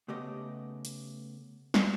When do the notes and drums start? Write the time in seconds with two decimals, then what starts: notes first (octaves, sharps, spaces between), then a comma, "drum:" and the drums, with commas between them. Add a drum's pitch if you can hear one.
0.08 C#3 A3 B3 G4 D#5
0.85 drum: hi-hat
1.74 drum: snare